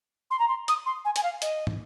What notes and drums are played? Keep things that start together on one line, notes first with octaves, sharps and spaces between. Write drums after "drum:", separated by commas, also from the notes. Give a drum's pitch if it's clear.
C6
A#5
C6
D#6, drum: hi-hat
C6
G#5
G#5, drum: hi-hat
F5
D#5, drum: hi-hat
drum: tom